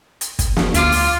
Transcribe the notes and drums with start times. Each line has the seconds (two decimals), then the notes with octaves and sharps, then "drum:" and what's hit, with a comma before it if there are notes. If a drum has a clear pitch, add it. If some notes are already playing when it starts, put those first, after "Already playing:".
0.21 drum: hi-hat
0.39 drum: kick, hi-hat
0.56 drum: snare
0.74 D2 F4 F5 D6, drum: hi-hat
0.92 drum: open hi-hat